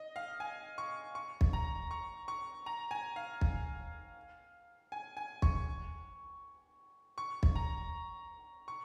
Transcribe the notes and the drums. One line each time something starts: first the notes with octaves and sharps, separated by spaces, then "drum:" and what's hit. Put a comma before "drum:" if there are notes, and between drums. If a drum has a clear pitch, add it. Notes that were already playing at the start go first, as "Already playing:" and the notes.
Already playing: D#5
F5
G#5
C#6
C#6
drum: kick
A#5
C#6
C#6
A#5
G#5
F5
drum: kick
G#5
G#5
C#6, drum: kick
C#6
drum: kick
A#5
C#6